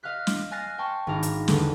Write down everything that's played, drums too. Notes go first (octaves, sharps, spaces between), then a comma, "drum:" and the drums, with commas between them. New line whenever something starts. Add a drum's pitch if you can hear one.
D#5 F5 F6 F#6 B6
drum: snare
G#5 F6 F#6 A6 A#6 C7
G5 A5 C6 C#6
G#1 G#2 D4 F5 A#5 A#6
drum: hi-hat
E2 D3 G#4 C#5, drum: snare